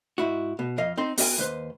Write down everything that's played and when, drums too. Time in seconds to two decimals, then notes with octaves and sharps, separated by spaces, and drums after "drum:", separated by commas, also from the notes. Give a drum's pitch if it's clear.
0.18 G#2 E4 F#4
0.59 B2
0.78 F2 D#5 F5
0.98 C4 D#4 C5
1.18 B3 F#4 D#5 G5 G#5, drum: open hi-hat
1.38 D#2 B4 C5